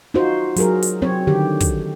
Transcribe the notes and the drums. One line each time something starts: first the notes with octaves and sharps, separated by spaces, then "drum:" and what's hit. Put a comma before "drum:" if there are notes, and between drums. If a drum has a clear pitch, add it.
D#4 F4 F#4 C5
F#3 G#4 A#4, drum: hi-hat
drum: hi-hat
F#3 C4 C#5
D3 D#3 G4
drum: kick, hi-hat